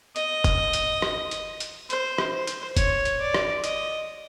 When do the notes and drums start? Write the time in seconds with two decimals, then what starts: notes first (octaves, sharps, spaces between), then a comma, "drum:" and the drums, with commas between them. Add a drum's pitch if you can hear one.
0.16 D#5, drum: hi-hat
0.44 drum: kick E1, hi-hat
0.73 drum: hi-hat
1.02 drum: rim click
1.31 drum: hi-hat
1.60 drum: hi-hat
1.90 C5, drum: hi-hat
2.18 drum: rim click
2.34 C5
2.47 drum: hi-hat
2.77 C#5, drum: kick E1, hi-hat
3.05 drum: hi-hat
3.21 D5
3.34 drum: rim click
3.64 D#5, drum: hi-hat